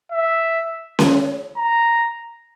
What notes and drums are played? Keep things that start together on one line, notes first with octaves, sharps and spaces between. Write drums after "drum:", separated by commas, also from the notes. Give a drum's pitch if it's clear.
E5
drum: snare C#4
A#5